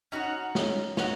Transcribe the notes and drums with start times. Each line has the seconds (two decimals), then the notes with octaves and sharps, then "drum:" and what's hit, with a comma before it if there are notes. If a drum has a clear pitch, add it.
0.12 C#4 D#4 F#4 C#5
0.55 C#4, drum: snare
0.97 D#4 F#4 C#5, drum: snare